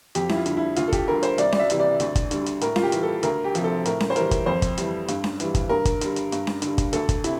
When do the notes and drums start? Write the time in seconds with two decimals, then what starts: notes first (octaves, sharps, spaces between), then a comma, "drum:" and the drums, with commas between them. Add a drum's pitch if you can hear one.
0.15 F2 G4, drum: hi-hat
0.29 E4, drum: snare C#4
0.36 F4
0.46 D3 G3, drum: hi-hat
0.57 E4
0.76 D2 F4, drum: hi-hat
0.88 A4
0.92 G4, drum: kick G1, hi-hat
1.08 D3 G3 A#4
1.23 C5, drum: hi-hat
1.38 C2 D5, drum: hi-hat
1.52 D5, drum: snare C#4
1.59 E5
1.70 C3 E3 G3, drum: hi-hat
1.80 D5
2.00 D2, drum: hi-hat
2.15 drum: kick G1, hi-hat
2.31 D3 G3, drum: hi-hat
2.46 drum: hi-hat
2.61 A2 A#4, drum: hi-hat
2.76 F4, drum: snare C#4
2.83 G4
2.92 E3 G3, drum: hi-hat
3.03 A4
3.23 D2 A#4, drum: hi-hat
3.44 G4
3.55 C3 F3, drum: hi-hat
3.64 A4
3.85 A2 A#4, drum: hi-hat
4.00 drum: snare C#4
4.10 C5
4.16 E3 G3 A#4, drum: hi-hat
4.31 drum: kick G1, hi-hat
4.46 F2 C5
4.62 drum: kick G1, hi-hat
4.78 E3 G3, drum: hi-hat
5.08 G2, drum: hi-hat
5.24 drum: snare C#4
5.40 E3 G3, drum: hi-hat
5.55 drum: kick G1, hi-hat
5.69 G2 A#4
5.85 drum: kick G1, hi-hat
6.01 D3 G3, drum: hi-hat
6.16 drum: hi-hat
6.32 G2, drum: hi-hat
6.47 drum: snare C#4
6.62 D3 G3, drum: hi-hat
6.78 drum: kick G1, hi-hat
6.93 D2 A4, drum: hi-hat
7.09 drum: kick G1, hi-hat
7.24 C3 E4, drum: hi-hat